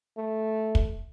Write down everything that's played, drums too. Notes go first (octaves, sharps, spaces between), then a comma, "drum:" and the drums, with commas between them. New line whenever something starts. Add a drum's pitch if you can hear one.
A3
drum: kick